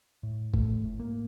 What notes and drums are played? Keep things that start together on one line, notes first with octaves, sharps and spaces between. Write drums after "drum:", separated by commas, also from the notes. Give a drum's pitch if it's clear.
A2
A2 A3, drum: kick
A2
A#3